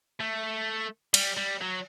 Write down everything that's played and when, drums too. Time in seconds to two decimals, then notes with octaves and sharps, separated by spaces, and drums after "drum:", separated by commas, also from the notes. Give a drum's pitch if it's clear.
0.20 A3
1.14 G3, drum: cymbal
1.37 G3
1.62 F#3